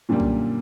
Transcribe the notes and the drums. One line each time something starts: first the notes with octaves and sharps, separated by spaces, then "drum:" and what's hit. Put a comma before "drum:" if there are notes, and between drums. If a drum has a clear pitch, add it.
F#2 A#2 D3 G3 A#3
drum: kick B1